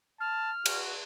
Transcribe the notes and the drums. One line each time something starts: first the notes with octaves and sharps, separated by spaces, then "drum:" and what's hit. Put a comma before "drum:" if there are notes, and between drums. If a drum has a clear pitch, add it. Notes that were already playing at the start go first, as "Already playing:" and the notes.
A5 F6
F#4, drum: cymbal